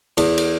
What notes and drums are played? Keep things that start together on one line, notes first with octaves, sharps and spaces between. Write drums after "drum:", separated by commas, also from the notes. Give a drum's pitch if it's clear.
E2, drum: cymbal
drum: cymbal